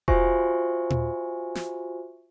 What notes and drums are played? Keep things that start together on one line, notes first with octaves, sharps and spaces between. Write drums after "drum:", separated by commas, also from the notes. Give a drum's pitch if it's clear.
F4 F#4 C5 E5 G#5 C#6, drum: kick E1
drum: tom A#2
drum: snare